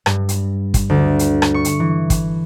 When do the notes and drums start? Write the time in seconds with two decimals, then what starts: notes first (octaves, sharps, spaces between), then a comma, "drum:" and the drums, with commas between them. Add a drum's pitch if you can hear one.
0.06 G2, drum: rim click
0.29 drum: hi-hat
0.74 drum: kick, hi-hat
0.90 D2
1.19 drum: hi-hat
1.42 drum: rim click
1.54 C#6
1.65 drum: hi-hat
1.80 E3
2.10 drum: kick, hi-hat